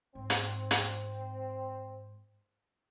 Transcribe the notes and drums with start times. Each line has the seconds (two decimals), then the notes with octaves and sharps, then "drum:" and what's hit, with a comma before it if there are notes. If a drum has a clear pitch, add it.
0.15 G#2 C4
0.30 drum: hi-hat
0.71 drum: hi-hat